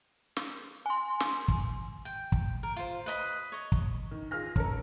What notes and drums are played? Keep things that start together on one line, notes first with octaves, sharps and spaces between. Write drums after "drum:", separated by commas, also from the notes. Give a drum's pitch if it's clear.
drum: snare
G#5 C6
drum: snare
drum: kick
G5
drum: kick
A#4
F4 C5
B4 D#5 B5
C#5 D#5
drum: kick
D#3
F4 G#4 F6 A#6
C#4 A4 A#4, drum: kick